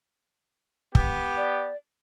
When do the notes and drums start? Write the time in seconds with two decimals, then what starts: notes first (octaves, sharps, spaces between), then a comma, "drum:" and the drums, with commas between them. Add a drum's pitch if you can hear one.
0.95 B3 G4, drum: kick
1.37 D5